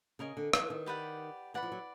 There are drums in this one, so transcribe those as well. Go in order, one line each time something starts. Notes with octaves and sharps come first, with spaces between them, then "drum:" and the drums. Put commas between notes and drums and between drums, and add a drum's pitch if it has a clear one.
C#3 A#4 D#5 G#5
D3
E3, drum: rim click
D#3
G4 B4 D5 F#5
E3 D5 F#5 B5
F3
F#3